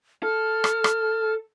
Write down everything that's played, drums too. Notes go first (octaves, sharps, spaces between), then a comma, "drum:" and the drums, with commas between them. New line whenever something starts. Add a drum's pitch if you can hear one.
A4 F6
drum: rim click
drum: rim click